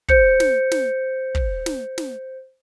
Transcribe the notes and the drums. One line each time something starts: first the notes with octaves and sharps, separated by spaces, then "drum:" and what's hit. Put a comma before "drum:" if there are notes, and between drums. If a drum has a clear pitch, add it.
C5 G6 C#7, drum: kick
drum: snare
drum: snare
drum: kick
drum: snare
drum: snare